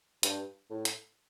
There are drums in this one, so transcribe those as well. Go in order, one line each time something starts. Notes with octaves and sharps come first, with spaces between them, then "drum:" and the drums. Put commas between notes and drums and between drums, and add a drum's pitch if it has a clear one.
G2, drum: hi-hat
A2
drum: hi-hat